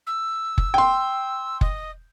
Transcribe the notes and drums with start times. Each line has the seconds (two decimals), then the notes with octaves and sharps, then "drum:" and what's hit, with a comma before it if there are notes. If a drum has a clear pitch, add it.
0.06 E6
0.58 drum: kick F#1
0.74 G5 C6
1.61 D#5, drum: kick F#1